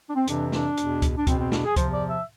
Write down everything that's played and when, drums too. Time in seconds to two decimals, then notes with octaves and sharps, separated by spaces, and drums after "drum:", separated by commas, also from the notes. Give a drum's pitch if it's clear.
0.09 D4
0.15 C4
0.28 F2 C3 E3 D4, drum: hi-hat
0.52 D4, drum: snare
0.77 E2 B2, drum: hi-hat
1.02 drum: kick C#2, hi-hat
1.16 D4
1.27 E2 B2 C4, drum: kick C#2, hi-hat
1.39 C4
1.52 D4, drum: snare
1.64 G#4
1.76 E2 C3 F3 C5, drum: kick C#2, hi-hat
1.93 D5
2.10 E5